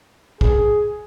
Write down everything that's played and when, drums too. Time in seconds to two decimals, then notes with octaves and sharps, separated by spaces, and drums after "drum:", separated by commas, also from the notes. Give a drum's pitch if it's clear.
0.41 G#4, drum: kick